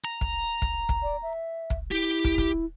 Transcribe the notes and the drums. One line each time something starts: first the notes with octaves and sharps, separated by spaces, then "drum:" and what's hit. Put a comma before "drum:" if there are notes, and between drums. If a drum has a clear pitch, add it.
A#5
drum: kick
drum: kick
drum: kick
D5
E5
drum: kick
E4 G4
drum: kick
drum: kick